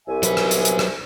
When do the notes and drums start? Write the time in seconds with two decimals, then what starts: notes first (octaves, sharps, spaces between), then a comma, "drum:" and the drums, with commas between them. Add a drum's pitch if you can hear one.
0.08 C2 E5 G#5
0.23 F#3 B4, drum: hi-hat
0.37 drum: rim click
0.51 drum: hi-hat
0.65 drum: hi-hat
0.79 drum: rim click